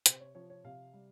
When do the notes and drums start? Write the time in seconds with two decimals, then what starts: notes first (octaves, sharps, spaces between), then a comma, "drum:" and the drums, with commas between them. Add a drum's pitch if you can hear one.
0.06 C3 C5, drum: hi-hat
0.20 C#5
0.35 F3 C#5
0.50 C#5
0.64 C3 F5
0.93 G3